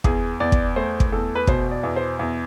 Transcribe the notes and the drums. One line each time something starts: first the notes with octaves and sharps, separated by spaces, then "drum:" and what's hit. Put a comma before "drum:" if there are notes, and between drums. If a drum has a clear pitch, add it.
E2 G#4, drum: kick
E2 D5
drum: kick
A3 C5
drum: kick
E2 A4
B4
B2 C5, drum: kick
D5
E2
C5
E2